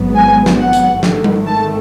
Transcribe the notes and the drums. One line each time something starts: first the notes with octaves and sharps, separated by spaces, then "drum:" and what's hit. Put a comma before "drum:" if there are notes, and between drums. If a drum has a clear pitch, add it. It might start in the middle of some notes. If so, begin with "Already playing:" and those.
Already playing: G#1 G#2 F#3 B3
G#5
drum: snare
F#5
drum: hi-hat
G#1 G#2 D#3 A3, drum: snare
drum: tom G3
A5